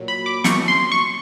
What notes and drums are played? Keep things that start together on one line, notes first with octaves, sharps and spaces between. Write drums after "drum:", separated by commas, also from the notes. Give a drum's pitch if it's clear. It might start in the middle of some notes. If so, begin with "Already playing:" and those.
Already playing: A#2 F#3
B5
D6
C#6, drum: snare
C6
C#6